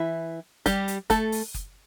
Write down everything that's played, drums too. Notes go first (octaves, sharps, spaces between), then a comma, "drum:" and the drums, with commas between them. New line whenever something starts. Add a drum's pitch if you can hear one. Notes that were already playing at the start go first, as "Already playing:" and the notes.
Already playing: E3 E4
G3 G4, drum: kick F#1, hi-hat
drum: hi-hat
A3 A4, drum: kick F#1, hi-hat
drum: open hi-hat
drum: kick F#1, hi-hat